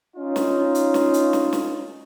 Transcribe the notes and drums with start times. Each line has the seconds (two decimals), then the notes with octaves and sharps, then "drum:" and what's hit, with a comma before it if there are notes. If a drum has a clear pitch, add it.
0.16 C#4 D#4 F4
0.36 drum: snare
0.75 drum: hi-hat
0.94 drum: snare
1.14 drum: hi-hat
1.33 drum: snare
1.53 drum: snare